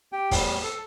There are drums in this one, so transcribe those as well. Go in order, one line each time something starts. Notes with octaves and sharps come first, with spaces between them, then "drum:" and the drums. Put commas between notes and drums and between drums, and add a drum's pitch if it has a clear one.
G4 G5
E2 A2 E3 G3 B3, drum: kick, open hi-hat
A4